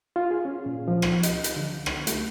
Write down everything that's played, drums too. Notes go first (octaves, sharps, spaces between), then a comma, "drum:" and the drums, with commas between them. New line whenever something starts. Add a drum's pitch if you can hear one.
F4
G#4
C#4
A#2
F3
drum: rim click
D#5, drum: hi-hat
drum: hi-hat
D3
drum: rim click
A3, drum: hi-hat